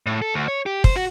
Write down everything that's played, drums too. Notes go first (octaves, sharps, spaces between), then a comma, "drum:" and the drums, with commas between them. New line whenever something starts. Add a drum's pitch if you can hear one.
A2
A4
D2
C#5
G4
C5, drum: kick
F#4